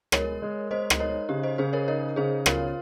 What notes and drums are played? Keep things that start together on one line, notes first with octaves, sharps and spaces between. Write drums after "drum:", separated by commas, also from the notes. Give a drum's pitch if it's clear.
G#3 A#4 C#5, drum: rim click
G#3
G#3 C5 D#5
drum: rim click
D#4 A#4 C#5
C#3 G4
C5 D#5
C#3 G#4 C5
A#4 C#5
D#4 A#4 C#5
C#3 G#4 C5
F4 A#4 C#5, drum: rim click